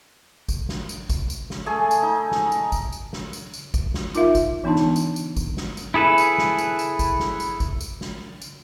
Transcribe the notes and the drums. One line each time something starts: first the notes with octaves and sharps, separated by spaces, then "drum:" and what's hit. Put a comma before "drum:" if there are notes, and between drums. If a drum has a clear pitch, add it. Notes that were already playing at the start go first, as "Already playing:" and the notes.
drum: kick G#1, tambourine
drum: snare
drum: tambourine
drum: kick G#1, tambourine
drum: tambourine
drum: snare
A3 G#4 G#5 A5
drum: tambourine
D#4
drum: snare
drum: tambourine
drum: kick G#1, tambourine
drum: tambourine
drum: snare
drum: tambourine
drum: tambourine
drum: kick G#1, tambourine
drum: snare
D#4 F4 A#4 E5 F5, drum: tambourine
drum: kick G#1, tambourine
E3 B3 D4 D#4 A5
drum: snare
drum: tambourine
drum: tambourine
drum: kick G#1, tambourine
drum: snare
drum: tambourine
E4 G#4 A4 B4
drum: tambourine
drum: snare
drum: tambourine
drum: tambourine
drum: kick G#1, tambourine
drum: snare
drum: tambourine
drum: kick G#1, tambourine
drum: tambourine
drum: snare
drum: tambourine